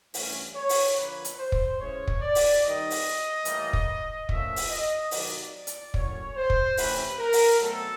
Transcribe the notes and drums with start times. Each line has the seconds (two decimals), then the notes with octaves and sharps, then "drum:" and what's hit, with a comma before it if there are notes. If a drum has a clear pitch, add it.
0.14 G2 E3 A3 C#4, drum: open hi-hat
0.55 C#5
0.69 drum: open hi-hat
0.97 D3 F3 A#3 B4
1.25 drum: hi-hat
1.38 C5
1.52 drum: kick
1.80 C#3 E3 G#3 C#4 C#5
2.08 drum: kick
2.21 D5
2.35 drum: open hi-hat
2.63 D#3 G3 C4 D#5
2.90 drum: open hi-hat
3.45 A2 E3 G3 A#3, drum: hi-hat
3.73 drum: kick
4.29 A#2 F3 A3 C#4 E5, drum: kick
4.56 drum: open hi-hat
4.70 D#5
5.11 C3 D#3 F#3 A#3 D5, drum: open hi-hat
5.67 drum: hi-hat
5.94 A2 F#3 A#3 C#4 C#5, drum: kick
6.37 C5
6.50 drum: kick
6.77 C3 E3 A3 C#4 B4, drum: open hi-hat
7.19 A#4
7.33 drum: open hi-hat
7.60 B2 F#3 A3 C4 A4